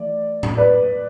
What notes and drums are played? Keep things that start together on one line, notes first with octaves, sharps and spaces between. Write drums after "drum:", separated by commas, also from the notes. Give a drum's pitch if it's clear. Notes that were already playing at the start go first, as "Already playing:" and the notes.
Already playing: E3 A3 D5
drum: tom A2
B4 D5